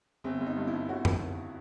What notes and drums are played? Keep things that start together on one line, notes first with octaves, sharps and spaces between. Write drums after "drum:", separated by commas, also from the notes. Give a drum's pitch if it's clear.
G1 C4
G1
D#4
G2
E4
G2
G1 F#4
G1, drum: tom F2
G1